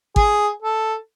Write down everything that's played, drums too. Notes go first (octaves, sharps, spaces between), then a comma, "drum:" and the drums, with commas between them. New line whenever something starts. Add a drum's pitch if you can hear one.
G#4, drum: kick
A4